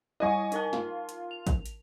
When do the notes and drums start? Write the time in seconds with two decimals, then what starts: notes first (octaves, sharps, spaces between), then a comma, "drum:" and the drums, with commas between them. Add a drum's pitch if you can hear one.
0.20 G3 E4 D#5 G#5 C#6
0.52 D#4 A#4 A5, drum: hi-hat
0.73 F4, drum: snare
1.09 drum: hi-hat
1.31 F7
1.47 drum: kick, hi-hat
1.66 drum: hi-hat